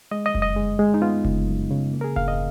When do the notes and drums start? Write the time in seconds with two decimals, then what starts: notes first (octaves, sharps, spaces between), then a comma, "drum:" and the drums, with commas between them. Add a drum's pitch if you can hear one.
0.11 G#3 D#5
0.26 D#5
0.35 F#2, drum: kick F1
0.42 D#5
0.56 G#3
0.79 G#3
0.94 D#4
1.02 B3 F4
1.24 C#3, drum: kick F1
1.47 F#2
1.71 C#3
1.93 A#3
2.01 A#4
2.04 G#4
2.16 G#2 F5, drum: kick F1
2.28 D#5